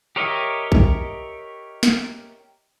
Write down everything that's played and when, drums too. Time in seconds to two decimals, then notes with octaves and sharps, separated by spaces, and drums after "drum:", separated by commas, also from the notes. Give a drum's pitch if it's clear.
0.16 G4 A#4 C#5 D#5 E5
0.72 drum: kick
1.83 drum: snare